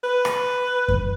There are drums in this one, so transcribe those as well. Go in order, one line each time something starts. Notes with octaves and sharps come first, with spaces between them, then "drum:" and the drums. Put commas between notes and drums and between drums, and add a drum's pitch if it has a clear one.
B4
drum: rim click
drum: kick F#2